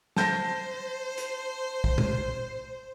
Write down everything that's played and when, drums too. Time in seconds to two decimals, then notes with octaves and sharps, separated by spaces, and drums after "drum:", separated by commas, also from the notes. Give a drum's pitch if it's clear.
0.17 C5 A5 G6 A#6, drum: snare
1.18 drum: hi-hat
1.84 drum: kick
1.98 drum: tom A#2